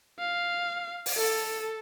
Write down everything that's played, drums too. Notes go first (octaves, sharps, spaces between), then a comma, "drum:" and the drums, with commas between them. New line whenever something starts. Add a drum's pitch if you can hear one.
F5
drum: open hi-hat
A4